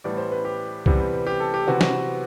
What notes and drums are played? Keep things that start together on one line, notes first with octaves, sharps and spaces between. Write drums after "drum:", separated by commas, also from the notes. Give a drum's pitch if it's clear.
A2 E3 G3 B3 D5
C5
B4
G4
C3 E3 G3 B3, drum: kick C2
G4
A4
G4
C3 E3 B3 F#4
F#4, drum: snare